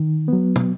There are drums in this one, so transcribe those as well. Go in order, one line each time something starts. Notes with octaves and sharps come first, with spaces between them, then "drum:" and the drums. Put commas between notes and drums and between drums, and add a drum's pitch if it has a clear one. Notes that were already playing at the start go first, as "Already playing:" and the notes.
Already playing: D#3
F#3 B3
drum: tom